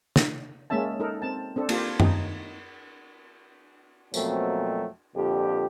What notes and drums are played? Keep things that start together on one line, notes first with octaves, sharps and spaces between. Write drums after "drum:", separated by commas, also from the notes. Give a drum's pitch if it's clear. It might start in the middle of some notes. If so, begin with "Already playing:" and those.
drum: snare
G#3 A#3 C#4 E5 A5
D#4 A4 A#4
C4 A5
C4 D4 A4
A#3 F4 G4, drum: cymbal
D#4, drum: tom F#2
F2 B2 F#3 A3 A#3 C4, drum: tambourine
F2 A#2 D3 G4